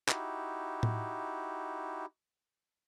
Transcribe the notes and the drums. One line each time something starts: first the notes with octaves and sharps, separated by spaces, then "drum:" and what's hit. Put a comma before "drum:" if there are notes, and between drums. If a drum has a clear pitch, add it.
D#4 E4 F#4 G4, drum: clap
drum: tom A2